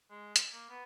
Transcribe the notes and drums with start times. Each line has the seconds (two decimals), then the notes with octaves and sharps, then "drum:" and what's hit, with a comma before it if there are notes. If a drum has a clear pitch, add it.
0.11 G#3
0.36 drum: hi-hat
0.53 A#3
0.69 B3